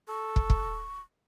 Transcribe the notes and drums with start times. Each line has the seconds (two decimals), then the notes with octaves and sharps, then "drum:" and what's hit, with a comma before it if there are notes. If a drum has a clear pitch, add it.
0.09 A4 C#6
0.36 drum: kick
0.50 drum: kick